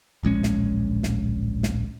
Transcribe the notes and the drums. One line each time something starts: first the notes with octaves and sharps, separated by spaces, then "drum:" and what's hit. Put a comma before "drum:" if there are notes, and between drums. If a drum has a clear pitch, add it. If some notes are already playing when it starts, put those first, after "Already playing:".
D1 A#1 G#3 C#4
drum: snare
drum: snare
drum: snare